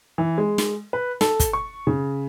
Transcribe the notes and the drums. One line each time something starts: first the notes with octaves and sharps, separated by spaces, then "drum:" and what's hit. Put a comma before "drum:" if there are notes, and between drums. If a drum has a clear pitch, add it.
E3
G#3
drum: snare
B4
A4, drum: snare
drum: kick, hi-hat
C#6
C#3